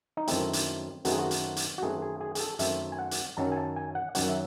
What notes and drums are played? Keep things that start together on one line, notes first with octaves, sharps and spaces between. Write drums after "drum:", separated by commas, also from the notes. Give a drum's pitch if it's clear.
D#4
F#2 D#3 A3 C4 E4, drum: hi-hat
drum: hi-hat
F#2 D#3 A3 C4 F#4, drum: hi-hat
G#4
F#4
drum: hi-hat
drum: hi-hat
F#4
F#2 D#3 A3 C4 G#4
G#4
G#4
G#4, drum: hi-hat
A4
F#2 D#3 A3 C4 E5, drum: hi-hat
G#5
F#5
drum: hi-hat
F#2 D#3 F#3 C#4 A5
G#5
A5
G#5
F#5
F#2 D#3 F#3 C#4 F#5, drum: hi-hat
E5